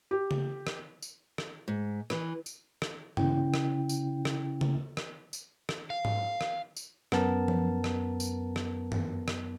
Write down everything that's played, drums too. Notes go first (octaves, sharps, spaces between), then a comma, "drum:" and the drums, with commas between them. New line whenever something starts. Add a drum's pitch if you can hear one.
G4
drum: tom C#3
drum: rim click
drum: tambourine
drum: rim click
G#2
E3, drum: rim click
drum: tambourine
drum: rim click
C#3 C#4 E4 G5, drum: tom
drum: rim click
drum: tambourine
drum: rim click
drum: tom C#3
drum: rim click
drum: tambourine
drum: rim click
F5
drum: tom G#2
drum: rim click
drum: tambourine
F#2 B3 A#4 A5, drum: rim click
drum: tom F3
drum: rim click
drum: tambourine
drum: rim click
drum: tom
drum: rim click